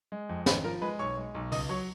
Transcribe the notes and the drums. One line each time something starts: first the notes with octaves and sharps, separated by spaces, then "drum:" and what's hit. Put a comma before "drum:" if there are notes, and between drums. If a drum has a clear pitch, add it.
G#3
F2
G#1 B4 B5, drum: snare
F3 A#4 A#5
G#3 B4 B5
B1 C#5 C#6
G#3
B1
C#2 D#5 D#6, drum: open hi-hat
F#3 C#5 C#6